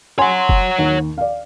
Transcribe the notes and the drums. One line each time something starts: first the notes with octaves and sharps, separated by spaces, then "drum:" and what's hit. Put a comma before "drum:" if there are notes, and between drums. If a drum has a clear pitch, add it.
C#5 F#5 G#5 C6
drum: kick
D#2
D5 F5